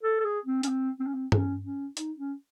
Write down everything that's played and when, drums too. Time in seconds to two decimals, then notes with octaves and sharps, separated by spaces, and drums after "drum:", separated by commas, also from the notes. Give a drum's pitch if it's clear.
0.03 A4
0.20 A4
0.25 G#4
0.45 C4
0.63 C#4, drum: hi-hat
0.68 C4
1.00 C4
1.07 C#4
1.14 C4
1.32 C#4, drum: tom G2
1.64 C#4
1.97 D#4, drum: hi-hat
2.18 C#4